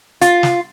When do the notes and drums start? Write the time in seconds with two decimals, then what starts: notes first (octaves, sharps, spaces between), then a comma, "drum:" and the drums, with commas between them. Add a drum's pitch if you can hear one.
0.21 F4, drum: hi-hat
0.43 drum: snare